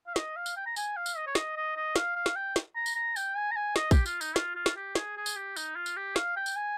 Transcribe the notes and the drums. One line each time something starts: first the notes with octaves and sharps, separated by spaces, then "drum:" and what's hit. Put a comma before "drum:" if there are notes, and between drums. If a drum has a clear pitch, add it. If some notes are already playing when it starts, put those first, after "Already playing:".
F5
D#5, drum: snare
F5
drum: tambourine
G5
A#5
G#5, drum: tambourine
F5
drum: tambourine
D#5
C#5
D#5, drum: snare
D#5
D#5
F5, drum: snare
F5
drum: snare
G5
drum: snare
A#5
drum: tambourine
A#5
G5, drum: tambourine
G#5
A#5
G#5
D#5, drum: snare
G4, drum: kick, tambourine
F4, drum: tambourine
D#4, drum: tambourine
F4, drum: snare
F4
drum: snare
G4
G#4, drum: snare
G#4
drum: tambourine
G4
D#4, drum: tambourine
F4
drum: tambourine
G4
F5, drum: snare
G5
drum: tambourine
G#5